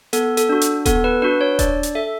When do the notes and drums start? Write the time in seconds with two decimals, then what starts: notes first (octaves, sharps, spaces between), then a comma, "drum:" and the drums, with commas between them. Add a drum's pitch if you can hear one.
0.13 B3 A4, drum: hi-hat
0.37 A4, drum: hi-hat
0.49 D4 F#4
0.61 drum: hi-hat
0.86 B3 A4, drum: kick D#1, hi-hat
1.04 B4
1.22 D4 F#4 B4
1.41 C#5
1.59 D4 D5, drum: kick D#1, hi-hat
1.83 drum: hi-hat
1.95 A4 E5